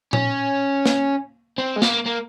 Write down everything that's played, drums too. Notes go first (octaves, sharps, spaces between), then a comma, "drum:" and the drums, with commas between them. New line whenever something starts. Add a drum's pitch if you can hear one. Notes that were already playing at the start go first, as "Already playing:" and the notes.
C#4, drum: tom A#2
drum: snare
C4
G#3
A#3, drum: snare
A#3